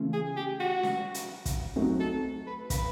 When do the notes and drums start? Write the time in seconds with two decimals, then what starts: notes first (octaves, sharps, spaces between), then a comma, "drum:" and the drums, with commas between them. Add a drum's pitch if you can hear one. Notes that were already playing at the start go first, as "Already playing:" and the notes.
Already playing: C#3 E3 A3 C#4 F4
0.13 G#4
0.36 G4
0.60 F#4
0.83 drum: snare C#4
1.14 drum: hi-hat
1.46 drum: kick, hi-hat
1.76 F#3 A3 C4 D#4 F#4
2.00 A4
2.47 B4
2.70 B4, drum: kick, hi-hat